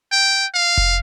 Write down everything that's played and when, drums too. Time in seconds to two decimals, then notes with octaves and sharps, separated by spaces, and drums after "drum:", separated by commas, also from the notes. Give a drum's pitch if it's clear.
0.12 G5
0.54 F5
0.77 drum: kick F1